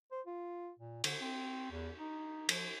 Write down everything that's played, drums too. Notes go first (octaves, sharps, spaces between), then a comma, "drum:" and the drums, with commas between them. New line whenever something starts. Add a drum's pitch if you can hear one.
C5
F4
A#2
D3, drum: cymbal
C4
E2
D#4
F3, drum: cymbal